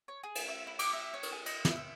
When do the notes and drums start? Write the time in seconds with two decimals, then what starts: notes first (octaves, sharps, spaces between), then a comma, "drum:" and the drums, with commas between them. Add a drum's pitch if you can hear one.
0.08 C#5
0.23 G#4
0.35 drum: cymbal
0.48 E5
0.67 E4
0.79 D6, drum: cymbal
0.93 E5
1.14 C#5
1.23 drum: cymbal
1.32 G#4
1.46 D#5, drum: cymbal
1.65 E4, drum: snare
1.77 E5